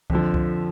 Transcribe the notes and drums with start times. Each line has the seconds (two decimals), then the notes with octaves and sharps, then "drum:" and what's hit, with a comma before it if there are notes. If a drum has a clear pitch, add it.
0.10 F2 D3 F3, drum: kick C2
0.34 drum: kick C2